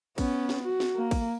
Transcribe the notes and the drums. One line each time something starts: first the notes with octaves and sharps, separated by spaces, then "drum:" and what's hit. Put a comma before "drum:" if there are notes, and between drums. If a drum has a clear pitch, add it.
B3 C#4, drum: kick, cymbal
drum: snare
F#4
drum: snare
A#3
drum: kick, cymbal